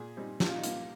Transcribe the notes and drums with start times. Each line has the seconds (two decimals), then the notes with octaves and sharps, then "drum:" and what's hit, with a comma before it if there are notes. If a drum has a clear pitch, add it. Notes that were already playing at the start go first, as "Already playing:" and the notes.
Already playing: A#2 G#4
0.17 G3 C4 D#4
0.40 A#2 G4, drum: snare
0.49 F4
0.56 D#4
0.64 G3 A#3 F4, drum: hi-hat